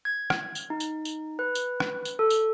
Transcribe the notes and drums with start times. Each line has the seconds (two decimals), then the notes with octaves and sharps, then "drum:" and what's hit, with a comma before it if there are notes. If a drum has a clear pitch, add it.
0.05 G#6
0.30 drum: rim click
0.55 drum: tambourine
0.70 D#4
0.80 drum: tambourine
1.05 drum: tambourine
1.39 B4
1.55 drum: tambourine
1.80 drum: rim click
2.05 drum: tambourine
2.19 A4
2.30 drum: tambourine